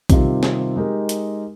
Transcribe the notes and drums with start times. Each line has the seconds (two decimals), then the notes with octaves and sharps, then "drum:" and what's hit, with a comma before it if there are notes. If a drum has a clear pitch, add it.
0.10 C3 D#3 G3 C4 F4, drum: kick A#1, hi-hat
0.43 drum: snare
0.76 G#3 D#4 G4 A#4
1.09 drum: hi-hat